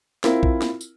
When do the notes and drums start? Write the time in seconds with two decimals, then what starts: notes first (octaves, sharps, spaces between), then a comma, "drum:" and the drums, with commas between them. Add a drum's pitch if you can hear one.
0.24 C4 E4 F4 A#4, drum: snare
0.43 drum: kick
0.62 drum: snare
0.81 drum: tambourine